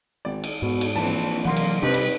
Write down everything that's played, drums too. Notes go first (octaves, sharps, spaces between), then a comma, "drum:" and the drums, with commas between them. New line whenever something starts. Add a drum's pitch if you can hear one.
G#1 D5
drum: cymbal
G#2 B2
drum: cymbal
A#1 E3 C4 A5
C3 E3 F#3 A#3 F#5 C6
drum: cymbal
G2 C3 G3 C4 D4 D#4 B4
drum: cymbal